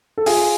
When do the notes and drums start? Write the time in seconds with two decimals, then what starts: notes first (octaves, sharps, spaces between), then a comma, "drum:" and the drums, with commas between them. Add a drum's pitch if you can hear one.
0.18 A4
0.26 F4 G#4, drum: open hi-hat